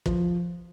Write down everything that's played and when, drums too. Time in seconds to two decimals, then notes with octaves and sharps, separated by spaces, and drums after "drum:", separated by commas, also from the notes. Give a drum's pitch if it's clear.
0.06 F3, drum: kick